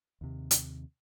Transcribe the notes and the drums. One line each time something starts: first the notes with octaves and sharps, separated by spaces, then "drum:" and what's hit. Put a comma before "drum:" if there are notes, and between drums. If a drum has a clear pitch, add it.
D#2 C3
drum: hi-hat